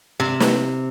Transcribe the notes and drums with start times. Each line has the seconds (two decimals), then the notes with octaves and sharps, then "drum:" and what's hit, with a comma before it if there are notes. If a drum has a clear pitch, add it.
0.20 C3
0.40 drum: snare